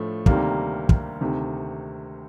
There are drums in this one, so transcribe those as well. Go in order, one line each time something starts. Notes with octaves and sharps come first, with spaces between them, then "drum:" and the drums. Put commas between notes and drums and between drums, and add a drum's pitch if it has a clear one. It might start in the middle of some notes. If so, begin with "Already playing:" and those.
Already playing: A2 F3 A3 D4
D2 C3 D#3 G3 A#3, drum: kick
drum: kick
D2 C3 D#3